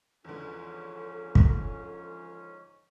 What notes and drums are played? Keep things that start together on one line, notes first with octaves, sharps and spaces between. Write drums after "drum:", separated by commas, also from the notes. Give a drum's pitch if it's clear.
E2 G#2 D3 F3 C#4 A4
drum: kick